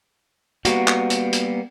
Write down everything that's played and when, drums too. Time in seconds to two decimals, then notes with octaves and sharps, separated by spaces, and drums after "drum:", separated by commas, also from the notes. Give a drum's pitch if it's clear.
0.65 G3 A#3 B3 F#4, drum: hi-hat
0.87 drum: clap
1.10 drum: hi-hat
1.33 drum: hi-hat